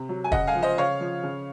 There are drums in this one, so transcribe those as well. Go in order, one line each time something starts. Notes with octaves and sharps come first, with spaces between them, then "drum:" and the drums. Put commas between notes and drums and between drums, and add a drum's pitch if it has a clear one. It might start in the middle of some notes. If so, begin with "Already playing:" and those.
Already playing: C3
F#3
G#5
C#3 D#5 F#5, drum: kick
F5 G#5
F3
C5 D#5
C#3 C#5 F5
F3
C#3